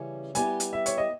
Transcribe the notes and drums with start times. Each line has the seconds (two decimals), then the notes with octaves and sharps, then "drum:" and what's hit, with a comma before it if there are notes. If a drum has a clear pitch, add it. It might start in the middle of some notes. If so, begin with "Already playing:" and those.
Already playing: C#3 E3 G3 C#4
0.35 G3 B3 E4 G4 G#5, drum: hi-hat
0.60 drum: hi-hat
0.73 E5
0.86 C#5, drum: hi-hat
0.98 D#5